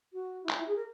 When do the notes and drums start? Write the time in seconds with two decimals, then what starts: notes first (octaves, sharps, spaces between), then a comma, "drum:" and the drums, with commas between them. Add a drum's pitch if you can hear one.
0.13 F#4
0.43 E4
0.49 F4, drum: clap
0.58 E4
0.67 G#4
0.76 A#4